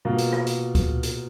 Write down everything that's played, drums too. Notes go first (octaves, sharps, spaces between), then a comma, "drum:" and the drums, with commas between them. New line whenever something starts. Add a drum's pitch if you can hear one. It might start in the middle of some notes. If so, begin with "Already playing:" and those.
B2 A#3 F4
drum: hi-hat
drum: rim click
drum: hi-hat
drum: kick C#2, hi-hat
drum: hi-hat